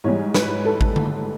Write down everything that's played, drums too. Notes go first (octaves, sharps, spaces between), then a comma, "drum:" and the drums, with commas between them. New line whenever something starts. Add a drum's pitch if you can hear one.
G#2 E3 G3 C#5
B4, drum: snare
A4
drum: kick G#1
drum: tom D3